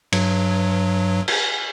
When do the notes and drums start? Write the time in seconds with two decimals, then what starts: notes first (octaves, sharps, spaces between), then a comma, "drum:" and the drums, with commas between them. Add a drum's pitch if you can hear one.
0.12 G2 F#3, drum: cymbal
1.28 drum: cymbal